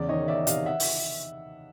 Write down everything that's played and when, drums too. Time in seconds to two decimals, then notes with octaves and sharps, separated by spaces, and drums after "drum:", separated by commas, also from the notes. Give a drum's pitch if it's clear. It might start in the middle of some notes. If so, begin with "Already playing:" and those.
Already playing: E2 C#3 D5
0.09 D#3 C#5 D#5
0.28 E2 D5 E5
0.47 C3 D#5 F5, drum: hi-hat
0.66 E5 F#5
0.80 drum: open hi-hat